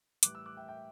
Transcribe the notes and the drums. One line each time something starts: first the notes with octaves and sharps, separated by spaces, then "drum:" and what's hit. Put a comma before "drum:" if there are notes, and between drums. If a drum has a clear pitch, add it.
A2 E3 G3 D6 F#6, drum: hi-hat
E6
D6 F#6
E5 G5
E5 G5